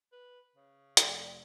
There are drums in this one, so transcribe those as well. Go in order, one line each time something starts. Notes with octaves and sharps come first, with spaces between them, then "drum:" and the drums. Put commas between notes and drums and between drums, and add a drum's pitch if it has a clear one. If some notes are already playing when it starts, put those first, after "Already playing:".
B4
C#3
F1 D5, drum: hi-hat